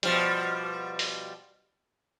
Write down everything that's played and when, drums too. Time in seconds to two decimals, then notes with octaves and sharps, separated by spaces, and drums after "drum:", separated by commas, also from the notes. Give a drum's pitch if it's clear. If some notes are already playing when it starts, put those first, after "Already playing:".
0.03 B2 F3 G3, drum: hi-hat
0.99 drum: open hi-hat